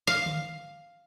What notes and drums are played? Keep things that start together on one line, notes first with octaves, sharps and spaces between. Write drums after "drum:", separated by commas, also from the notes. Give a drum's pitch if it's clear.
F5
drum: tom D3